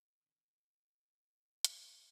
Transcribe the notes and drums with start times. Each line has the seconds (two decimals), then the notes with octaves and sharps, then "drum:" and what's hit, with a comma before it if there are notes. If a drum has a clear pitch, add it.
0.20 B2 D3 E3 F3 C#4 D#4
1.65 drum: hi-hat